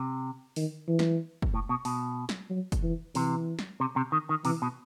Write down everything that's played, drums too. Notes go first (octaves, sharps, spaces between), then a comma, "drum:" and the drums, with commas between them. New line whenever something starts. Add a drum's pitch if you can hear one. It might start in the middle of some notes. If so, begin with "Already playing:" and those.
Already playing: C3
D#3, drum: open hi-hat
E3
drum: snare
drum: kick
A2
B2
B2, drum: open hi-hat
drum: snare
F#3
drum: kick, hi-hat
E3
C3 E3, drum: open hi-hat
drum: snare
C3
C3
D#3
D#3
C3 E3, drum: open hi-hat
B2